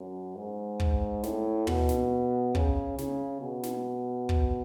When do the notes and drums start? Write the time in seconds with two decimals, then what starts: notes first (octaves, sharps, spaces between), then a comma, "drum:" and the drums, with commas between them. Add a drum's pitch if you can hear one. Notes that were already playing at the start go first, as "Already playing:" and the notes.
Already playing: F#2
0.36 G#2
0.80 drum: kick
1.23 A2, drum: snare
1.67 B2, drum: tom
1.89 drum: snare
2.55 C#3, drum: kick
2.98 C#3, drum: snare
3.41 B2
3.63 drum: snare
4.29 drum: kick